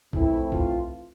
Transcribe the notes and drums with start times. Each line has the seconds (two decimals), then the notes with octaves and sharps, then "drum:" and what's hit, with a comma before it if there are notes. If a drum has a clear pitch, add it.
0.13 F2 E3 A3 C4 E4, drum: kick
0.52 F4, drum: kick